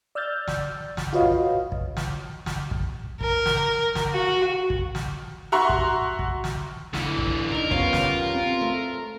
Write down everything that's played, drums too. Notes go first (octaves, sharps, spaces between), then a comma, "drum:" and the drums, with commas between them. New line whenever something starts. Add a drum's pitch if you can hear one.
D5 E6 F6 G6 A6
drum: snare
drum: snare
F4 F#4 B4 C#5 D#5 F5
drum: kick
drum: kick
drum: snare
drum: snare
drum: kick
A#4, drum: kick
drum: snare
drum: snare
F#4
drum: kick
drum: snare
F#4 E5 A#5 C6 C#6
drum: kick
drum: kick
drum: snare
D2 D3 E3, drum: snare
drum: kick
D4 D#4 A#4
E2 G3 B3 C#4 F4 C#5, drum: kick
drum: snare
C4
A3